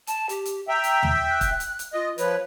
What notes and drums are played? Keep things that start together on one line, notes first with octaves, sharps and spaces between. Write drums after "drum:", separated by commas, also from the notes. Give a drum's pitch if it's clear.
A5, drum: hi-hat
G4, drum: hi-hat
drum: hi-hat
E5 G5 A#5
drum: hi-hat
drum: tom
F#6
drum: kick, hi-hat
drum: hi-hat
drum: hi-hat
F4 D#5
F3 B4 C#5, drum: hi-hat